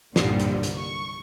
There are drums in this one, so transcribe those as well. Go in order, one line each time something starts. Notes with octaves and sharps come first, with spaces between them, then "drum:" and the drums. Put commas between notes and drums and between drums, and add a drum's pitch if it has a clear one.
C2 G2 A#2 D3 G3 C4, drum: snare
drum: hi-hat
drum: hi-hat
C#6